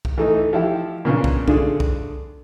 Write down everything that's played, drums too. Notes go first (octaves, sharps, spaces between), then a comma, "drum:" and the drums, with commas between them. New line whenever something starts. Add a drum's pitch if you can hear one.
drum: kick
E3 A3 D#4
F3 E4 G4
A#2 C#3 B3 D4
drum: kick
D3 A3 D4 F4 G#4, drum: kick
drum: kick